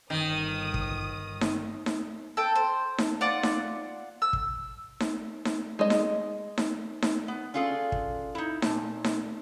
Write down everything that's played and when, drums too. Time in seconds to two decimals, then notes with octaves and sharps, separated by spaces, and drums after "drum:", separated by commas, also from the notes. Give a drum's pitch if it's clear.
0.10 G1 D#3 D#6
0.74 drum: kick
1.41 drum: snare D#4
1.86 drum: snare D#4
2.37 A4 G5
2.55 C5
2.98 drum: snare D#4
3.21 F4 D5 F#5
3.43 drum: snare D#4
4.22 E6
4.33 drum: kick
5.00 drum: snare D#4
5.45 drum: snare D#4
5.79 G#3 D#5
5.90 drum: snare D#4
6.58 drum: snare D#4
7.02 drum: snare D#4
7.28 B3
7.54 C#4 D4 F4 G#4 A4
7.92 drum: kick
8.35 D#4 E4
8.62 A#2 A5, drum: snare D#4
9.04 drum: snare D#4